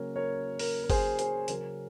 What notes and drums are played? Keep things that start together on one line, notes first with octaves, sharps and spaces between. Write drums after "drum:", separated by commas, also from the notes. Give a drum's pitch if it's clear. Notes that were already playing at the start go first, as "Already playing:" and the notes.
Already playing: C#3 F#3 A#3 C#4 A#4 C#5
A#4 C#5
A#4, drum: open hi-hat
A#4
G#4 C5, drum: kick G1, open hi-hat
G#4 C5, drum: hi-hat
C#3 F#3 C#4 A#4, drum: hi-hat